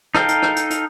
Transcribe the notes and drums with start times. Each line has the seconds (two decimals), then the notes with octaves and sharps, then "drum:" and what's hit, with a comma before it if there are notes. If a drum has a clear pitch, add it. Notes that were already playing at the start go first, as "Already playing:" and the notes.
0.15 D#4 A4 D#5 F5 G5, drum: rim click
0.28 drum: hi-hat
0.42 drum: rim click
0.56 drum: hi-hat
0.70 drum: hi-hat